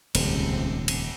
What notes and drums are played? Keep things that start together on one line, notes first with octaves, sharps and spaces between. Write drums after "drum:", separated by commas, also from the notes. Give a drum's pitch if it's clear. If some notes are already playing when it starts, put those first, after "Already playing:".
D#1 C#2 G#2 C3, drum: cymbal
drum: cymbal